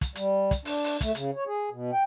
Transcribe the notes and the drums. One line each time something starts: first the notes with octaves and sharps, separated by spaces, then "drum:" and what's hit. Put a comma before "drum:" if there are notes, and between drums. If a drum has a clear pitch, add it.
drum: kick, hi-hat
G3, drum: hi-hat
drum: kick, hi-hat
D4, drum: open hi-hat
drum: open hi-hat
A3, drum: kick, hi-hat
C#3, drum: hi-hat
C#5
G#4
B2
G5